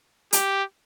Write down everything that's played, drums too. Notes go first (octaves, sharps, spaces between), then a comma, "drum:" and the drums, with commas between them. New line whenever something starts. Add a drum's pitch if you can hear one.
G4, drum: hi-hat